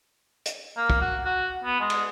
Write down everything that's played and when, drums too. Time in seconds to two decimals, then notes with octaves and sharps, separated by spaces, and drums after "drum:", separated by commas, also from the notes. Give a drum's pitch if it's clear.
0.46 drum: hi-hat
0.77 A#3
0.90 drum: kick
1.01 F#4
1.25 F#4
1.64 B3
1.80 G#3
1.90 drum: cymbal